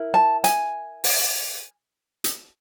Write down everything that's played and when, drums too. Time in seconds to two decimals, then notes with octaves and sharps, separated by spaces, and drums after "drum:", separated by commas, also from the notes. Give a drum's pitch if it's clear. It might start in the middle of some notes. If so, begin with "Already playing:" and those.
Already playing: E4 A#4
0.14 A5
0.44 G#5, drum: hi-hat
1.04 drum: open hi-hat
2.24 drum: hi-hat